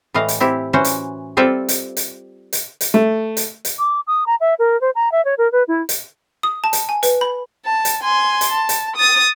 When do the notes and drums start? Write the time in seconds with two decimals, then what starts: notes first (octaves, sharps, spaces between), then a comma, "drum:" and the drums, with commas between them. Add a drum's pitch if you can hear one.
0.14 A2 E3 D#5 F5
0.28 drum: hi-hat
0.40 C4 E4 G4
0.73 E3 C#4 F#4 C5
0.84 drum: hi-hat
1.37 G3 C4 F4 A4 D5 E5
1.69 drum: hi-hat
1.97 drum: hi-hat
2.53 drum: hi-hat
2.81 drum: hi-hat
2.94 A3
3.37 drum: hi-hat
3.65 drum: hi-hat
3.79 D6
4.07 D#6
4.26 A#5
4.40 E5
4.59 A#4
4.81 C5
4.95 A#5
5.12 E5
5.25 C#5
5.38 A#4
5.52 B4
5.68 E4
5.89 drum: hi-hat
6.43 D#6
6.64 A5
6.73 drum: hi-hat
6.89 G#5
7.03 B4, drum: hi-hat
7.21 B5
7.66 A5
7.85 drum: hi-hat
8.03 G#5 C6
8.41 drum: hi-hat
8.52 A5
8.69 drum: hi-hat
8.96 D#6 A6